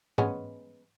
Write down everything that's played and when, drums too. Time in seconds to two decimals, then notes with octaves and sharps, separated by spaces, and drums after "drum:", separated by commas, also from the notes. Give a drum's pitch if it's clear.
0.18 G#3 B3 C#4, drum: tom G#2